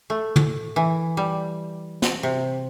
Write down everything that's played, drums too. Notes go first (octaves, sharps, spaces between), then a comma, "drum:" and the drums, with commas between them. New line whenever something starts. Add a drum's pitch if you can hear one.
A3
drum: tom
E3
G3
drum: snare
C3